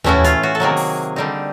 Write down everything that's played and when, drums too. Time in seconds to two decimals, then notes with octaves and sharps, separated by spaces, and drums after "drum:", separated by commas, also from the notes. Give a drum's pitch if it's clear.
0.04 A2 E3 A3 C#4 E4 F#4, drum: tom D#2
0.24 F4, drum: hi-hat
0.43 F#4
0.55 A4
0.60 C3 D#3 F#3 A#3 G#4
0.77 drum: open hi-hat
1.16 D3 G3 C4 D#4